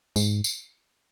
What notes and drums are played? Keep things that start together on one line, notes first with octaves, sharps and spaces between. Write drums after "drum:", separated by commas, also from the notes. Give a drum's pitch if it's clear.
G#2, drum: tambourine
drum: tambourine